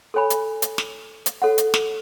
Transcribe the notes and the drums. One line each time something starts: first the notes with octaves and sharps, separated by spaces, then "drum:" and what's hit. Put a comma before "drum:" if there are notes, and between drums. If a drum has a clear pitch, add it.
A4 C#5 G#5 B5
drum: hi-hat
drum: hi-hat
drum: snare
drum: hi-hat
A4 C#5 F#5
drum: hi-hat
drum: snare